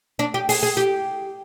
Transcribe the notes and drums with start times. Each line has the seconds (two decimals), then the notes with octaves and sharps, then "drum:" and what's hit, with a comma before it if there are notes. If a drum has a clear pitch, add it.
0.19 D4
0.34 G4
0.49 G#4, drum: open hi-hat
0.63 G#4
0.77 G4